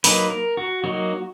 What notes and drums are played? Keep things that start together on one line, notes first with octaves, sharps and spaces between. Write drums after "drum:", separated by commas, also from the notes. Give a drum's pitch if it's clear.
F#3 A#3 D#4 B4, drum: open hi-hat
A#4
F#4
F#3 A#3 D#4 F#4